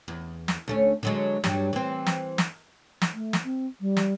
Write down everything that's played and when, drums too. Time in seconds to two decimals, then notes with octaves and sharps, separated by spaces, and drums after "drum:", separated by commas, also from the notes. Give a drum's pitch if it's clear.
0.08 E2
0.48 drum: snare
0.68 D2 A3 C#4
1.03 D3 F#3 G#3
1.44 G2 F#3 G3, drum: snare
1.73 E3 C4
2.06 drum: snare
2.38 drum: snare
3.02 drum: snare
3.14 A3
3.33 drum: snare
3.44 C4
3.81 G3
3.97 drum: snare